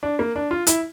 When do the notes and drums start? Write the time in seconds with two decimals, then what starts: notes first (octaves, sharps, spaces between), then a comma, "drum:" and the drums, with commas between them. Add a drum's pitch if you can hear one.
0.03 D4
0.19 A#3
0.36 D4
0.51 F4
0.67 E4, drum: hi-hat